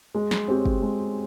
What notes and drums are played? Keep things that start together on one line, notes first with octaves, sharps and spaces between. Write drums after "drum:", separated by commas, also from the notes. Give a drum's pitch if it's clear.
G#3
drum: snare
C4 G4 C#5
drum: kick
G#3